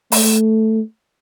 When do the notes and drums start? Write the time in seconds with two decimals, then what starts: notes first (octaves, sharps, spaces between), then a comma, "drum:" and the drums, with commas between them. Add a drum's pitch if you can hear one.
0.12 A3, drum: open hi-hat